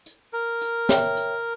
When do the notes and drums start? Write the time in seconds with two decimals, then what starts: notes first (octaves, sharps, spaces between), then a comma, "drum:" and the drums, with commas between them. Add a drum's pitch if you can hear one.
0.06 drum: hi-hat
0.33 A#4
0.61 drum: hi-hat
0.89 C#5 E5 G5, drum: snare
1.17 drum: hi-hat